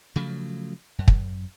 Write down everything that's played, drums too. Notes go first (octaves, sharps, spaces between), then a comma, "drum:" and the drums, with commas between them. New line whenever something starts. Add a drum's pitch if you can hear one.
C#3 F3 F#3 A3
F#2
drum: kick